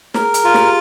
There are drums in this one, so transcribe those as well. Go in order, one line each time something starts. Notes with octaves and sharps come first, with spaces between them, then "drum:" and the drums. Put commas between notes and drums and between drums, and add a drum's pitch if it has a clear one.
G#4 A#4, drum: snare
G#4, drum: hi-hat
F4
G4, drum: snare